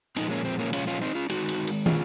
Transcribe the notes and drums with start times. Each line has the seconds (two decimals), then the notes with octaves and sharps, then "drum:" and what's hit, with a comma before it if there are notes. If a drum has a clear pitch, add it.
0.16 A#2 F3 G#3 C4 D#4, drum: cymbal
0.31 A#3 C#4
0.45 C4
0.59 A#3 C#4
0.73 C#4 F4, drum: cymbal
0.87 C#4 F4
1.01 C4 D#4
1.15 C#4 F4
1.30 D#3 G#3 D#4 F#4, drum: cymbal
1.48 drum: cymbal
1.67 drum: cymbal
1.86 F4 G#4, drum: tom